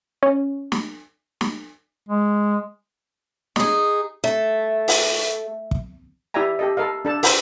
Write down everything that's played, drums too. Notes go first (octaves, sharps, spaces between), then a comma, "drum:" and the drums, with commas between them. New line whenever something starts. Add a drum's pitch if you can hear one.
C#4
drum: snare
drum: snare
G#3
D#4 G#4, drum: snare
A3
drum: open hi-hat
drum: kick
E4 G4 D5 E5 G#5 A#5
G4 A4 D#5
A4 A#4 D#5 F5
D4 A4 A5
A#4 C5 G5 B5 E6, drum: open hi-hat